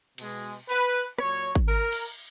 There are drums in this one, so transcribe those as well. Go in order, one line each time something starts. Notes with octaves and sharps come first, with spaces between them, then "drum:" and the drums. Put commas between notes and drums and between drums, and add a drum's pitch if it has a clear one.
B2 G#3, drum: cymbal
B4, drum: open hi-hat
A#2 F#3 C#5, drum: rim click
drum: kick G#1
A#4
drum: cymbal